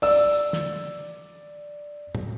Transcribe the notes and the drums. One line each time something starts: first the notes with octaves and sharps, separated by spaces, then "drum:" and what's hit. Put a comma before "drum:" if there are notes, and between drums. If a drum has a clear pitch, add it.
D5 E6, drum: open hi-hat
drum: snare
drum: tom